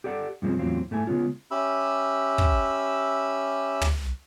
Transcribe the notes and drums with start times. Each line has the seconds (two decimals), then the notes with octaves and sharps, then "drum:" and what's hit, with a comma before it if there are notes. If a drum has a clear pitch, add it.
0.04 G4 A4 D5 F#5
0.42 G2 C3 F3 G#3 C4 C#4
0.59 E2 A2 F#3 C4 F4
0.91 G#2 A3 E4 G#5
1.07 C#3 G#3 B3 C#4 F4
1.51 C#4 G4 E5 B5 E6
2.38 drum: kick
3.81 drum: tom